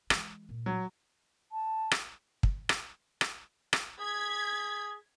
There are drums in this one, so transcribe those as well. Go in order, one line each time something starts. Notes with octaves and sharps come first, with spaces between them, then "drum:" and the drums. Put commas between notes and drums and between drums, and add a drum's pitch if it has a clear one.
E3 G#3, drum: rim click
A#2
F#3
A5
drum: rim click
drum: kick
drum: rim click
drum: rim click
drum: rim click
G#4 G#6 B6